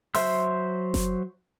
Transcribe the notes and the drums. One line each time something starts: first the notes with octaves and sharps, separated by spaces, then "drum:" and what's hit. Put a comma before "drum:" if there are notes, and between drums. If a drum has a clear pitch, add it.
F#3 C5 E5 C6 E6, drum: open hi-hat
drum: snare F#1